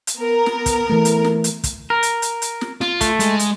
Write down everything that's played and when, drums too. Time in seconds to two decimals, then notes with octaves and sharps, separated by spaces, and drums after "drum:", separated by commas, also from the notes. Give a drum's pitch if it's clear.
0.07 drum: hi-hat
0.19 B3 A#4
0.46 drum: snare
0.66 drum: kick, hi-hat
0.90 E3 A3
1.05 drum: hi-hat
1.24 drum: snare
1.44 drum: hi-hat
1.64 drum: kick, hi-hat
1.90 A#4
2.03 drum: hi-hat
2.22 drum: hi-hat
2.42 drum: hi-hat
2.61 drum: snare
2.81 F4, drum: snare
3.01 A3, drum: kick, hi-hat
3.20 G#3, drum: hi-hat
3.39 drum: hi-hat